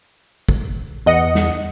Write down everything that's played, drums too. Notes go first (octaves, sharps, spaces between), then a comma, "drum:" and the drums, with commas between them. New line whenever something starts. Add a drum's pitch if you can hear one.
drum: kick
E2 D#5 F#5 C#7
drum: snare